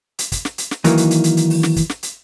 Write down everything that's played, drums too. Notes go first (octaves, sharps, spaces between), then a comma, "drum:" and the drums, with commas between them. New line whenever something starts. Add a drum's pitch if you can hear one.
drum: hi-hat
drum: kick, hi-hat
drum: snare
drum: hi-hat
drum: snare
D#3 E3 F#3 A#3 D#4, drum: hi-hat
drum: hi-hat
drum: hi-hat
drum: hi-hat
drum: hi-hat
drum: open hi-hat
drum: snare
drum: kick, hi-hat
drum: snare
drum: hi-hat